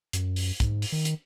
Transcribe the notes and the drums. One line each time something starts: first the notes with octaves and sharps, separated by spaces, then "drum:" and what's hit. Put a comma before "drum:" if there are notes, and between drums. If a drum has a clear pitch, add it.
F#2, drum: hi-hat
drum: open hi-hat
G#2, drum: kick, hi-hat
drum: open hi-hat
D#3
drum: hi-hat